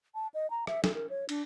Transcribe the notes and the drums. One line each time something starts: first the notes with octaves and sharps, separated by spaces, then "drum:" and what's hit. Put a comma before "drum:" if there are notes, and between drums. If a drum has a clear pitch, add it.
A5
D#5
A#5
E5, drum: rim click
A4, drum: snare
A#4
C#5
D4, drum: cymbal